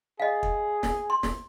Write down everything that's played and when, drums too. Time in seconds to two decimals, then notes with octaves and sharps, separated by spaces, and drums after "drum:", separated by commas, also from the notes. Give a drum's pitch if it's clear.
0.20 G#4 D#5 F5
0.43 drum: kick
0.83 drum: snare
1.10 C6
1.23 drum: snare